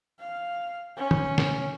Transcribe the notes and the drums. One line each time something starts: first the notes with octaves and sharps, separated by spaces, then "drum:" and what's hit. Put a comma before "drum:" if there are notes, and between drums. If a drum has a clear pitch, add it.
F5
C#4
drum: tom
drum: snare